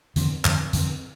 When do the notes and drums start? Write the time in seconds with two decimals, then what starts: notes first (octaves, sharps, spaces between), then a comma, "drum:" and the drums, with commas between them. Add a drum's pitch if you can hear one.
0.16 F2 D3 F3 C4, drum: hi-hat
0.45 F2 D3 F3 C4, drum: clap
0.73 F2 D3 F3 C4, drum: hi-hat